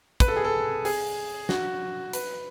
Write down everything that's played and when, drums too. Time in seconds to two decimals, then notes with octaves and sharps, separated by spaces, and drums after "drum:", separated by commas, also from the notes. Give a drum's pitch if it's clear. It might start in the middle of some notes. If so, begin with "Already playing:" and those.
0.20 B4, drum: kick, hi-hat
0.28 A4
0.36 G#4
0.44 A4
0.85 G#4, drum: open hi-hat
1.49 F#4, drum: snare
2.13 B4, drum: hi-hat